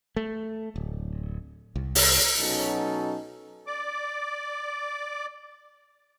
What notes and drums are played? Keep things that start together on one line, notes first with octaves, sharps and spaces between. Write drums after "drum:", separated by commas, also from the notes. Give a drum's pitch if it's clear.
A3
D1
C2
drum: open hi-hat
B2 F#3 C#4 D#4 A4
D5 D6